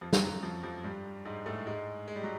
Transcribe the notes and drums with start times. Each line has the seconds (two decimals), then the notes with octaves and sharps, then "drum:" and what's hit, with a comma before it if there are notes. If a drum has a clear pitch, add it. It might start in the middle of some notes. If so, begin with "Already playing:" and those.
0.01 F2 F3
0.13 drum: snare
0.22 F#2 F#3
0.43 F2 F3
0.63 F2 F3
0.84 G2 G3
1.25 G#2 G#3
1.46 A2 A3
1.67 G#2 G#3
2.08 G#3
2.16 G3
2.23 F#3